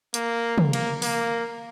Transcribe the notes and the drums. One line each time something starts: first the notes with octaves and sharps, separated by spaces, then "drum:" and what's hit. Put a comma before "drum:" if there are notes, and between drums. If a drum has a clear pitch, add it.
A#3, drum: hi-hat
drum: tom
A#3, drum: cymbal
A#3, drum: open hi-hat